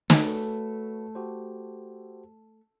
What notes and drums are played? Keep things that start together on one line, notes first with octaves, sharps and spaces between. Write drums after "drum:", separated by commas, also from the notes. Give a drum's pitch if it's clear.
A3 F#4 A4 B4 C#5, drum: snare
F#4 G4 C5